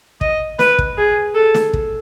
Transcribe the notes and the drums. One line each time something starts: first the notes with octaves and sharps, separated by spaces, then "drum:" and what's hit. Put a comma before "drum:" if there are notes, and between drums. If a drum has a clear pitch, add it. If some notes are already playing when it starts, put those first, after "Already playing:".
D#5, drum: kick
B4, drum: snare
drum: kick
G#4
A4
drum: snare
drum: kick